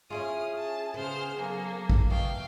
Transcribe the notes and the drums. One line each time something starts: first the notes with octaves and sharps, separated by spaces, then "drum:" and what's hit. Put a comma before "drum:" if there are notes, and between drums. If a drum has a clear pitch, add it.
C#4 E4 F4 G#4 D#6 F6
A5
C#3 B3 C5 F6
F#3 A#3 A4
drum: kick
B2 E3 F5 G5